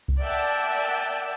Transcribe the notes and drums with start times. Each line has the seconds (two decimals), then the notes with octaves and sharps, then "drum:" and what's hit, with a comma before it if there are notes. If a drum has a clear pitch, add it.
0.08 drum: kick C2
0.21 A#4 D5 E5 F#5 G5 A5